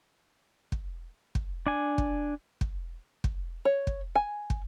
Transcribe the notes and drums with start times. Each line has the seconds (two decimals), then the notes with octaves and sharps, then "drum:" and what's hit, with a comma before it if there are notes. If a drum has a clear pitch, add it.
0.72 drum: kick
1.35 drum: kick
1.67 D4 G#5
1.98 drum: kick
2.61 drum: kick
3.24 drum: kick
3.65 C#5
3.87 drum: kick
4.15 G#5
4.50 drum: kick